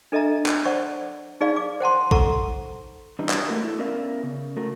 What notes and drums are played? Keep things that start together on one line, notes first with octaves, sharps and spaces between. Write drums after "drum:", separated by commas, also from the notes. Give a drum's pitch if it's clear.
D4 A4 D#5 E5 A#5
drum: clap
C5 D5 F#5 C#6
D#4 G#4 D5 F5
D6
C5 F#5 A5 C6
A4 F#5 A#5 C#6, drum: kick
E3 G3 D4 D#4
drum: clap
A3 F#4 A#4
E4 A4
B3 C#4 A#4 D5 E5 F5
C#3
A3 F#4 A#4